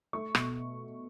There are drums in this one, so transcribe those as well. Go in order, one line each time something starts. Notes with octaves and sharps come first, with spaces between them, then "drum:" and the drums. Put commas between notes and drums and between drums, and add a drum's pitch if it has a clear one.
A3 C#6
B2, drum: rim click